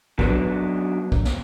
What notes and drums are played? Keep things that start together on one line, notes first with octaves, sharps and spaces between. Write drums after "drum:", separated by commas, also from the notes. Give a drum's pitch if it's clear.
F#3 B3 D4, drum: kick
drum: kick
drum: snare